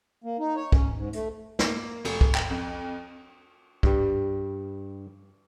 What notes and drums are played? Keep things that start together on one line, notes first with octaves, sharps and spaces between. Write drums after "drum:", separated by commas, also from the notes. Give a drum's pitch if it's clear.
A#3
D#4
C#5
C#4, drum: kick
G#2
A3, drum: hi-hat
A#3, drum: snare
F1, drum: cymbal
drum: kick
G5, drum: clap
F2
G2 G3, drum: kick